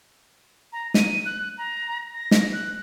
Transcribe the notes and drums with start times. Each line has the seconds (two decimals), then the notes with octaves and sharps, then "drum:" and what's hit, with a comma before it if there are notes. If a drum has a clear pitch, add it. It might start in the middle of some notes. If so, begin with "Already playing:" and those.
0.73 A#5
0.94 D#7, drum: snare
1.25 F#6
1.58 A#5
2.14 A#6
2.31 drum: snare
2.53 F#6